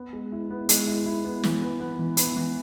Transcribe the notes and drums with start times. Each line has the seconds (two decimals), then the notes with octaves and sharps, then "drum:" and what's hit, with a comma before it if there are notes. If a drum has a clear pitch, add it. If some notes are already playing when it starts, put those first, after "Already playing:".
Already playing: B3
0.13 G#3
0.32 E4
0.51 B3
0.69 G#3, drum: hi-hat
0.88 E4
1.06 E4
1.25 B3
1.43 E3, drum: snare
1.62 B3
1.80 B3
1.99 E3
2.17 B3, drum: hi-hat
2.36 E3